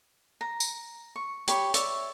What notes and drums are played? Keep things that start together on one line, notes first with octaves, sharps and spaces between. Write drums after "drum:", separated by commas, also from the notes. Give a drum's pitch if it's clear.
A#5
drum: tambourine
C#6
G4 C#5 B5 C#6, drum: hi-hat
C#5 D5 E5, drum: hi-hat